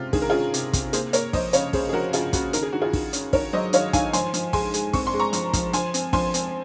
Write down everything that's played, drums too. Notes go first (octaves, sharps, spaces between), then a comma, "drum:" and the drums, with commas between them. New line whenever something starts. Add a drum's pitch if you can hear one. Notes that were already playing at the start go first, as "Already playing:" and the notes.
Already playing: C3 G#3 C#4 F4
D#3 G#4, drum: kick, open hi-hat
A#4
C#4 F4 G#4
C3, drum: hi-hat
C3, drum: kick, hi-hat
A#3 G#4 C5, drum: hi-hat
A#3 A#4 C#5, drum: hi-hat
F3 C5 D#5, drum: kick, open hi-hat
C#3 C#5 F5, drum: hi-hat
C#3 G#4 C5, drum: kick, open hi-hat
G#4
F3 F#4 A#4
C#3 F4 G#4, drum: hi-hat
C#3 F#4, drum: kick, hi-hat
D#3 A#4, drum: hi-hat
G#4
D#3 F#4
F4 G#4
D#3, drum: kick, open hi-hat
C#4, drum: hi-hat
D#3 A#4 C#5, drum: kick, open hi-hat
F#3 C5 D#5
D#3 C#5 F5, drum: hi-hat
D#3 F5 G#5, drum: kick, hi-hat
F3 G#5 C6, drum: hi-hat
F3, drum: hi-hat
G#3 G#5 C6, drum: kick, open hi-hat
G#3, drum: hi-hat
C4 C#6, drum: kick, open hi-hat
C6
G#3
A#5 C#6
F3, drum: hi-hat
F3, drum: kick, hi-hat
F3 G#5 C6, drum: hi-hat
C4, drum: hi-hat
F3 G#5 C6, drum: kick, open hi-hat
C4, drum: hi-hat